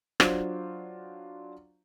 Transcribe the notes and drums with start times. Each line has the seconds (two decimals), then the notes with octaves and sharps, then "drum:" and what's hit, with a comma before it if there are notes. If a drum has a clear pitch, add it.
0.20 F#3 D4 F4 C5, drum: rim click